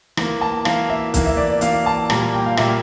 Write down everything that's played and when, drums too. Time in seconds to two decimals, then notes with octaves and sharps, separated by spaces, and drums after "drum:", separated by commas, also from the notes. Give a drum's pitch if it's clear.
0.17 E3 A#3, drum: rim click
0.41 A5
0.65 E3 A#3 F5, drum: rim click
0.90 E5
1.14 E3 A#3, drum: kick, hi-hat
1.26 E5
1.37 D5
1.50 D5
1.61 E3 A#3 F5, drum: hi-hat
1.86 A5
2.10 A#2 G3 A#3 A#5, drum: rim click
2.21 A#5
2.33 G5
2.46 F5
2.57 A#2 G3 A#3 E5, drum: rim click